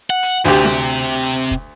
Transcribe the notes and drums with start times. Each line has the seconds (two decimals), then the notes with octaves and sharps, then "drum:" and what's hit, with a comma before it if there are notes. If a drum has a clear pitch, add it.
0.10 F#5
0.23 drum: hi-hat
0.45 D2 C3 G4, drum: hi-hat
0.65 drum: snare
1.23 drum: hi-hat
1.51 drum: kick